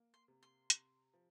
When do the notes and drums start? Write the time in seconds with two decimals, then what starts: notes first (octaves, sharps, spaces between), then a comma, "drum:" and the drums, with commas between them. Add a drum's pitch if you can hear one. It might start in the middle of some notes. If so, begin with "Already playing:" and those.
Already playing: A#3
0.14 C6
0.28 C3
0.43 C6
0.70 C3, drum: hi-hat
1.14 F3